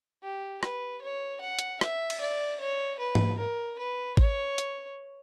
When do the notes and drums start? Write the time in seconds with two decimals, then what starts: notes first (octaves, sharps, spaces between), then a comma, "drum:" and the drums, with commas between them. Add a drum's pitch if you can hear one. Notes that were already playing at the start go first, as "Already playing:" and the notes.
0.23 G4
0.63 B4, drum: rim click
1.02 C#5
1.41 F#5
1.59 drum: hi-hat
1.81 E5, drum: rim click
2.10 drum: cymbal
2.20 D5
2.60 C#5
2.99 B4
3.15 drum: tom G#2
3.38 A#4
3.79 B4
4.17 C#5, drum: kick G#1
4.58 drum: hi-hat